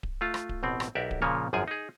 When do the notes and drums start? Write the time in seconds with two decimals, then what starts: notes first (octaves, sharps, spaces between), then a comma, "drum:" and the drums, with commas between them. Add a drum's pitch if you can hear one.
0.03 drum: kick D1
0.21 A3 F4
0.34 drum: rim click
0.49 drum: kick D1
0.63 A1 B2 C4
0.80 drum: rim click
0.95 B1 F#4 G4 A#4 D5 E5
1.11 drum: kick D1
1.22 A#2 C#3 F3 A#3 C#5
1.53 G#1 F#2 F3 G#4 G#5
1.68 D#4 G#4